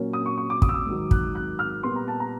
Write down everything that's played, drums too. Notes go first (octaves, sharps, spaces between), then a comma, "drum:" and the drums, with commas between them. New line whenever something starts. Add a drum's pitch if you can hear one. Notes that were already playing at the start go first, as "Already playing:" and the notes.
Already playing: A#2 F#3 A#3 C#4
D#6
C#6
C#6
D6
D#6, drum: kick
E6
D#6
G#2 D#3 F#3
F#6, drum: kick
F#6
F6
A#2 G3 B3 C6
A#5
A5
A#5